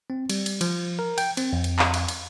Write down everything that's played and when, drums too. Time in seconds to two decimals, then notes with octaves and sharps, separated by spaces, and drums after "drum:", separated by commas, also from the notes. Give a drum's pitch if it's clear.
0.10 C4
0.30 G3, drum: cymbal
0.46 drum: cymbal
0.61 F3, drum: cymbal
0.99 A#4
1.18 G5, drum: cymbal
1.37 C4, drum: cymbal
1.53 F2
1.64 drum: cymbal
1.79 drum: clap
1.94 drum: cymbal
2.08 drum: cymbal